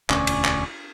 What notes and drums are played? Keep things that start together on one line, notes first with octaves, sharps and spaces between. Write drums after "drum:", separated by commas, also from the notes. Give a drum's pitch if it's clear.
E1 D2 C#4 D5 G#5 C#6, drum: clap
drum: cymbal
drum: clap